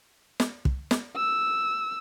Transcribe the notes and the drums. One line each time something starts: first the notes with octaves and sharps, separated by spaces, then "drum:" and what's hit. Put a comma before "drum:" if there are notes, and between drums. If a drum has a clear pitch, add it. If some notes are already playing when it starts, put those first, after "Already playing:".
drum: snare
drum: kick
drum: snare
E6